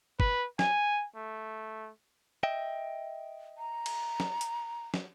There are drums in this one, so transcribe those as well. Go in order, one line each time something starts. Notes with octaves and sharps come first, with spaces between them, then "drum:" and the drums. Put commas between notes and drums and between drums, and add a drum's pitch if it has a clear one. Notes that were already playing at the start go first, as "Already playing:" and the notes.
B4, drum: kick G1
G#5, drum: snare
A3
D#5 E5 G5
A#5
drum: cymbal
drum: snare
drum: hi-hat
drum: snare